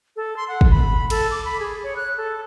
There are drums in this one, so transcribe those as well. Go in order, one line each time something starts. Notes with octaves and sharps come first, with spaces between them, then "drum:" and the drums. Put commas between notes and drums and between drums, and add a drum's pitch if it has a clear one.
A4
C6
F#5
drum: kick
B5
A4, drum: cymbal
D6
B5
G#4
C#5
F#6
A4